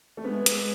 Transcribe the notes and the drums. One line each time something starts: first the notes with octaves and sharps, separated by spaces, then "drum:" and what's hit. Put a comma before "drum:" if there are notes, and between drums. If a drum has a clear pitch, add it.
A3
G#3 B3
drum: hi-hat